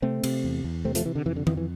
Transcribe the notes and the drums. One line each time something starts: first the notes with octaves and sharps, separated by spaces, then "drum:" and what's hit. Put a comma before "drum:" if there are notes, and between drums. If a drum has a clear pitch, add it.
C3 A3 C4
C3, drum: cymbal
E2
E2
C3 A3 C4
F3 A3, drum: hi-hat
C3 E3
D3
F2 E3
D3
F2 E3, drum: tom D#3
E3